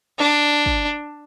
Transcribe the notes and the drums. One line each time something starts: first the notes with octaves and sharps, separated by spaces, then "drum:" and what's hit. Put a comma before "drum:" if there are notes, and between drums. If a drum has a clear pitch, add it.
D4
drum: kick